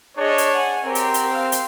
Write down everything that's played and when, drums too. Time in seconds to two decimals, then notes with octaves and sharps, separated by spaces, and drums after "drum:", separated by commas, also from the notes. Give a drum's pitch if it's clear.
0.17 D4 G#4 C#5 D#5
0.38 drum: hi-hat
0.52 F#5 G#5
0.85 C4 G4 A#4
0.95 drum: hi-hat
1.14 drum: hi-hat
1.33 F5
1.52 drum: hi-hat